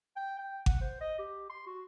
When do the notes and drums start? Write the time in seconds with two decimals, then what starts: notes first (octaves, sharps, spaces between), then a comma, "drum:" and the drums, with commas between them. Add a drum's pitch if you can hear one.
0.17 G5
0.39 G5
0.66 F#5, drum: kick G#1
0.81 C5
1.01 D#5
1.19 G4
1.50 C6
1.67 F#4